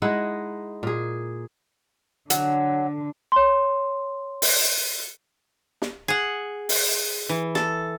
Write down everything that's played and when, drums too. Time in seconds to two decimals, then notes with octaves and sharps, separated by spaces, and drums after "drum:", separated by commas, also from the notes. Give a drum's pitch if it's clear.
0.02 G#3 D#4 E4 F#5
0.83 A#2 G#4
2.30 D3 F#3, drum: hi-hat
3.32 C#5 C6
4.42 drum: open hi-hat
5.82 drum: snare
6.08 G#4 F#5
6.69 drum: open hi-hat
7.29 E3
7.55 A4, drum: snare